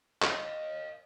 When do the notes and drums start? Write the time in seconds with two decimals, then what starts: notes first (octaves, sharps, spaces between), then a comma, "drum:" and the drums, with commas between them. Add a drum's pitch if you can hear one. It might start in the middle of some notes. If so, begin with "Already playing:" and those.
0.23 D#5 F5, drum: clap